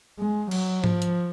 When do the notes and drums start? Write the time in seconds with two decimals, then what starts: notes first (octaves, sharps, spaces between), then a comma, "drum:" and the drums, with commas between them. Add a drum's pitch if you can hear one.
0.19 G#3
0.51 F#3, drum: cymbal
0.84 F3, drum: tom G#2
1.02 drum: hi-hat